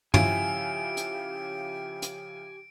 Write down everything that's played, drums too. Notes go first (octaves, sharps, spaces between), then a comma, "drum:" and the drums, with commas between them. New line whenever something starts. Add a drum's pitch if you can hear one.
C#3 F3 E4 G4 G#5 D7, drum: tom
drum: hi-hat
drum: hi-hat